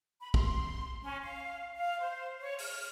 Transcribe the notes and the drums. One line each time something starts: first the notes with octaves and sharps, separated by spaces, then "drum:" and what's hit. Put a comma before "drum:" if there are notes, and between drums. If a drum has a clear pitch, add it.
B5
C6, drum: kick
C#4
F5
F5
C5
C#5
F6, drum: open hi-hat